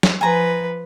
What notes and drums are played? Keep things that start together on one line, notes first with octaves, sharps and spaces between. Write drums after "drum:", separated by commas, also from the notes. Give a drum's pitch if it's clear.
drum: snare
F3 B4 G#5 A#5